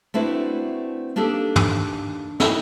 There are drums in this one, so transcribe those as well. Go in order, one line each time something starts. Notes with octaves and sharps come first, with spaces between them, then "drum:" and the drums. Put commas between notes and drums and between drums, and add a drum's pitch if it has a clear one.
A3 C4 D4 E4 F#4 B4
A#3 D4 D#4 G4 A4
drum: tom
D#4 E4 F#4 A4 A#4, drum: snare